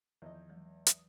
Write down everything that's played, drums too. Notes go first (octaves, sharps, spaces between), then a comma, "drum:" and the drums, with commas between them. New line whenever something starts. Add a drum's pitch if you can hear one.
E2 D#3 F3 D#5 G6
E3 F#3 G#3
E5 D#6, drum: hi-hat